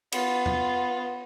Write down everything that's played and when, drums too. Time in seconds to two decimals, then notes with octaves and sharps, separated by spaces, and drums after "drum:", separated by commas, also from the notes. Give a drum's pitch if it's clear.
0.12 B3 F4, drum: cymbal
0.46 drum: tom E2